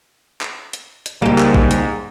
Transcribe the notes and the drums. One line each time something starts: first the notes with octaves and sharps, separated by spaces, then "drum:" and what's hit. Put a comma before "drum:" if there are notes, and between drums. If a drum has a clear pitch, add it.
drum: clap
drum: hi-hat
drum: hi-hat
C#2 G#2 G3 A#3 G4
drum: clap
drum: kick A#1
drum: hi-hat